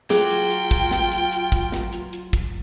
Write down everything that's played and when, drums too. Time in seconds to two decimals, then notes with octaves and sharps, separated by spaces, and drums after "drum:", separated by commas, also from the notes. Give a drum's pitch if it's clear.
0.10 F#3 F4 G#4 G5, drum: snare
0.30 drum: hi-hat
0.51 drum: hi-hat
0.71 drum: kick, hi-hat
0.91 drum: snare
1.12 drum: hi-hat
1.32 drum: hi-hat
1.52 drum: kick, hi-hat
1.72 drum: snare
1.93 drum: hi-hat
2.13 drum: hi-hat
2.33 drum: kick, hi-hat